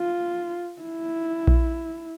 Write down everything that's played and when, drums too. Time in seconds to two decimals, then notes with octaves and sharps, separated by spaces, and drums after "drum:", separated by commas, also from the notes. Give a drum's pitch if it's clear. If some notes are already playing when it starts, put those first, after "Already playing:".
Already playing: F4
0.82 E4
1.47 drum: kick A#1